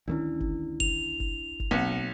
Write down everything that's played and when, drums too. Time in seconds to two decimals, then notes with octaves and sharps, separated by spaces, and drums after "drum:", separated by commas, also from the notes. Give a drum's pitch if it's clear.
0.08 D2 D#3 C#4 D4 E4
0.40 drum: kick F#1
0.80 F7, drum: kick F#1
1.20 drum: kick F#1
1.60 drum: kick F#1
1.71 B1 A#3 C4 F#5